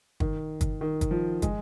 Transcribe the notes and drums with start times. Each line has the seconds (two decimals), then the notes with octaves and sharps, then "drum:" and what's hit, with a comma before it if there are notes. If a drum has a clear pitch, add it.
0.20 D#3, drum: kick
0.61 drum: kick, hi-hat
0.81 D#3
1.01 drum: kick, hi-hat
1.11 F3
1.42 G#3, drum: kick, hi-hat